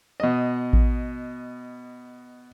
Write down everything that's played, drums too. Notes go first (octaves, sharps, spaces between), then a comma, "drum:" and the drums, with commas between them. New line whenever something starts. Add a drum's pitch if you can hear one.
B2 D#5
drum: kick A1